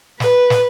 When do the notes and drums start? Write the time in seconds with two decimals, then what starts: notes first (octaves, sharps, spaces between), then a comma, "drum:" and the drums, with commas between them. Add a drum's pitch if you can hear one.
0.20 B4, drum: snare
0.50 drum: snare